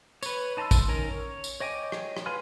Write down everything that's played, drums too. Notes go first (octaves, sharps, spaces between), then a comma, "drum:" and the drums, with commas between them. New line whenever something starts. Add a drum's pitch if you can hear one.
B4 C#5, drum: tambourine
D#4 A5 A#5 C6 E6
drum: kick, tambourine
D#3 C#4 A#4
C#5
drum: tambourine
C#5 D#5 G5 G#5 D6
drum: rim click
drum: rim click
B4 F5 G#5 C6 F6